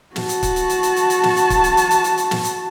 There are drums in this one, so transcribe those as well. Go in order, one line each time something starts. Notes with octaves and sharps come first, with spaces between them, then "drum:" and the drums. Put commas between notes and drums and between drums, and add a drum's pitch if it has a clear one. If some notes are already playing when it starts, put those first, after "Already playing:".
F#4 A5, drum: snare
drum: hi-hat
drum: kick C#1, hi-hat
drum: hi-hat
drum: hi-hat
drum: hi-hat
drum: hi-hat
drum: hi-hat
drum: snare
drum: hi-hat
drum: kick C#1, hi-hat
drum: hi-hat
drum: hi-hat
drum: hi-hat
drum: hi-hat
drum: hi-hat
drum: snare
drum: hi-hat